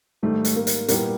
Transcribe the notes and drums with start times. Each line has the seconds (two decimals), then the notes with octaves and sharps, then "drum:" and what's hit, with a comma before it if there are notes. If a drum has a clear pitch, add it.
0.23 G#2 D#3 G3 A3
0.45 drum: hi-hat
0.56 A#3
0.67 drum: hi-hat
0.88 A#2 G3 A#3 B3 E4 G4, drum: hi-hat